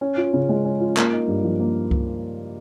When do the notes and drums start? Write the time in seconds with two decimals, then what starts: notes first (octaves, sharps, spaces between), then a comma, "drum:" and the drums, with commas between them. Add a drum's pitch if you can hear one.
0.01 C#4
0.17 F4
0.34 C#3
0.49 G#3
0.65 C#4
0.80 F4
0.97 A#3, drum: clap
1.13 D#4
1.28 G2
1.44 F3
1.60 A#3
1.91 drum: kick C#2